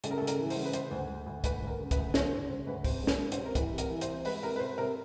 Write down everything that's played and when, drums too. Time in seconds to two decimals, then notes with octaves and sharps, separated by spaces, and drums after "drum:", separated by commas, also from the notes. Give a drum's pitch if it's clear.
0.04 C#3 A4, drum: hi-hat
0.11 A#4
0.18 A4
0.22 C#3
0.27 A#4, drum: hi-hat
0.39 E3
0.50 C5, drum: open hi-hat
0.56 C#3
0.65 B4
0.73 C#3 C5, drum: hi-hat
0.91 D2
1.09 D2
1.26 D2
1.44 D2 B4, drum: kick, hi-hat
1.62 D2 A#4
1.79 C#3
1.91 B4, drum: kick, hi-hat
1.97 D2
2.14 D2 C#5, drum: snare
2.32 C#3 C5
2.49 C#3 C5
2.67 D2 B4
2.84 C3 C5, drum: kick, open hi-hat
3.02 G#3
3.07 B4, drum: snare
3.19 C3
3.32 C5, drum: hi-hat
3.37 C3
3.45 A#4
3.55 E3 B4, drum: kick, hi-hat
3.73 C3
3.78 A#4, drum: hi-hat
3.90 E3
4.01 C5, drum: hi-hat
4.07 C3
4.25 G#3 B4, drum: open hi-hat
4.43 C3 A#4
4.56 B4
4.60 C3 C5
4.78 C3 A#4